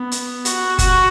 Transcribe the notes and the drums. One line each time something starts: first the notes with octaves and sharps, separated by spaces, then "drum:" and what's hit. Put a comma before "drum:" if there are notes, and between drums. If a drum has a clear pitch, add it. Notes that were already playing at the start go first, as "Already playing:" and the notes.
Already playing: B3
drum: hi-hat
F#4, drum: hi-hat
F#4, drum: kick F1, hi-hat